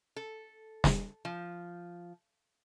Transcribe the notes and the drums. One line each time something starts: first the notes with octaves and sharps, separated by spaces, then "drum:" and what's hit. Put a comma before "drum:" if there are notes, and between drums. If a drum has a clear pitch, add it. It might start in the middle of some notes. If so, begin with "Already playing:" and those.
A4
drum: snare
F3